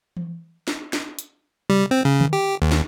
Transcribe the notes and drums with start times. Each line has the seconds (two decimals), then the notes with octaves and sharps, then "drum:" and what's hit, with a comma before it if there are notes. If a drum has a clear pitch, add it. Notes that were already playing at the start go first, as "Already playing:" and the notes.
0.17 drum: tom E3
0.68 drum: snare
0.93 drum: snare
1.19 drum: hi-hat
1.70 G3, drum: tom C3
1.91 C4
2.05 C#3
2.21 drum: tom D3
2.33 G4
2.62 D#2
2.72 drum: snare